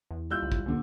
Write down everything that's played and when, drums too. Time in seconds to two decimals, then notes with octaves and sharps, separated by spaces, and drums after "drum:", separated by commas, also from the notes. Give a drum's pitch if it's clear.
0.11 E2
0.30 G3 E4 F4 E6 F#6 G6
0.42 C#2
0.52 drum: kick
0.66 C2 A#2 D3